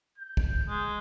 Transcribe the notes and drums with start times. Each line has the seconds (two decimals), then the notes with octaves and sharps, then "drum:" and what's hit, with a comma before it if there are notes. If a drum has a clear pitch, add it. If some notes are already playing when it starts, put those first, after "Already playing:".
0.18 G6
0.37 drum: kick
0.68 G#3